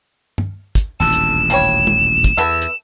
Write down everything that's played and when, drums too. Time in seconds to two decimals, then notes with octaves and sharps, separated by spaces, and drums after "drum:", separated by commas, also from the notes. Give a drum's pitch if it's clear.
0.38 drum: tom G2
0.75 drum: kick, hi-hat
1.00 D#1 A1 D2 A4 E7
1.13 drum: hi-hat
1.50 F3 G3 C#5, drum: hi-hat
1.87 drum: tom
2.24 drum: kick, hi-hat
2.37 E2 B3 A4 E5
2.62 drum: hi-hat